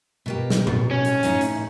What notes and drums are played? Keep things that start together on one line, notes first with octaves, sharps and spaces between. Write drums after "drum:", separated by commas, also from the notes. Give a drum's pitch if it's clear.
B2 A#3 G4
drum: snare
G2 B2, drum: tom A2
C#4
drum: hi-hat
A2 D#4 G#5, drum: hi-hat
drum: hi-hat